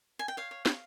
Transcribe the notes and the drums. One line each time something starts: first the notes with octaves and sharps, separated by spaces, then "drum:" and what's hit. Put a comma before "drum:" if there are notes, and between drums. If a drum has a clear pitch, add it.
G#5
G5
C#5 F5
C#5
C#5, drum: snare